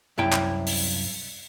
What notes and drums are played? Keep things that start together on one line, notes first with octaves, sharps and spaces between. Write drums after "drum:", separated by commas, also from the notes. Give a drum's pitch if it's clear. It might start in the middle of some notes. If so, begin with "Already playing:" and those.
C2 F#2 E4 G5
drum: clap
drum: open hi-hat